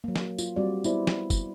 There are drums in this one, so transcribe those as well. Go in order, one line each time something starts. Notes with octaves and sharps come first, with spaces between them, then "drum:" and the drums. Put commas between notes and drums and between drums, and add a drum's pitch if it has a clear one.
F#3 A#3
drum: snare
F4, drum: tambourine
G3 C4 F#4 D5
B3 E4 C5 D5, drum: tambourine
drum: snare
drum: kick F#1, tambourine